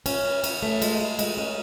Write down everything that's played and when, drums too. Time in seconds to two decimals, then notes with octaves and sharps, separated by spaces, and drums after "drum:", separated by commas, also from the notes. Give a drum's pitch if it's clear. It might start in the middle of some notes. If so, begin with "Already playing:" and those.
0.06 C#4, drum: cymbal
0.24 E3
0.44 C#4, drum: cymbal
0.62 A3
0.82 G#3, drum: cymbal
1.00 G#4
1.19 G#3, drum: cymbal
1.37 C#4